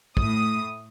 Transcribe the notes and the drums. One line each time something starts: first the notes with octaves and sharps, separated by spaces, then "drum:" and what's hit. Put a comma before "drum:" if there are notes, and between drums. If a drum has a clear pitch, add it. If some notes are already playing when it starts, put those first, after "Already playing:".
A2 D#6, drum: kick